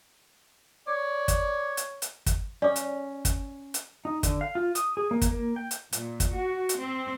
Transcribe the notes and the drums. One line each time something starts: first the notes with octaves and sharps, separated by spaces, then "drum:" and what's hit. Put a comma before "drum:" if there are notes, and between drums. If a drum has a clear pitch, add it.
C#5 D5
drum: kick, hi-hat
drum: hi-hat
drum: hi-hat
drum: kick, hi-hat
C#4 D5 D6
drum: hi-hat
drum: kick, hi-hat
drum: hi-hat
D#4
D3, drum: kick, hi-hat
F5
F4
D#6, drum: hi-hat
G#4
A#3
drum: kick, hi-hat
A#3
G5
drum: hi-hat
A#2, drum: hi-hat
drum: kick, hi-hat
F#4
drum: hi-hat
C4